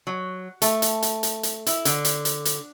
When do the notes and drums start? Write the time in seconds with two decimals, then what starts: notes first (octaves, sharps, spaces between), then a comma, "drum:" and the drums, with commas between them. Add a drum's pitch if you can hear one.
0.07 F#3
0.62 A3, drum: hi-hat
0.82 drum: hi-hat
1.02 drum: hi-hat
1.23 drum: hi-hat
1.43 drum: hi-hat
1.66 E4, drum: hi-hat
1.85 D3, drum: hi-hat
2.05 drum: hi-hat
2.25 drum: hi-hat
2.45 drum: hi-hat